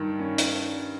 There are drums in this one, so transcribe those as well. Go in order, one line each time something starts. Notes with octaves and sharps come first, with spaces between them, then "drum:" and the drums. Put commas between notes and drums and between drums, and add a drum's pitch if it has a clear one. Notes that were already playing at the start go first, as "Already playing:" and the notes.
Already playing: G2 D#3
C#4
drum: hi-hat